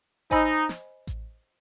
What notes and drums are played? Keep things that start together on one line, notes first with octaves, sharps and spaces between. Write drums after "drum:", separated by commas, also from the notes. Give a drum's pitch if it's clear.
D#4 C5 D#5 G#5 B5 E6, drum: kick A1, hi-hat
drum: snare
drum: kick A1, hi-hat